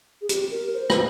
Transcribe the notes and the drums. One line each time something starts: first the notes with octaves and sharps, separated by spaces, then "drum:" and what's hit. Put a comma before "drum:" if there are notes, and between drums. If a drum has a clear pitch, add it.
G#4
G4, drum: hi-hat
A#4
C5
drum: rim click